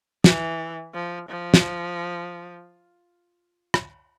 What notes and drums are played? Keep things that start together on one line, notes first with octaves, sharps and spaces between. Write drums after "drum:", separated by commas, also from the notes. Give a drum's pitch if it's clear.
E3, drum: snare
F3
F3
drum: snare
drum: rim click